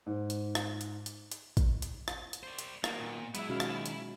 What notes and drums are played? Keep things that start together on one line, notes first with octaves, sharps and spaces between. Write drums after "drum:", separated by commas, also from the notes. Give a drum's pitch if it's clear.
G#2
drum: hi-hat
drum: rim click
drum: hi-hat
drum: hi-hat
drum: hi-hat
drum: kick, hi-hat
drum: hi-hat
drum: rim click
drum: hi-hat
C5 D5
drum: hi-hat
B2 D#3 A#3, drum: rim click
A#2
F#3 G#3 B3 E4 E5, drum: hi-hat
B2 D#3 C#4 F#4 F5
drum: rim click
drum: hi-hat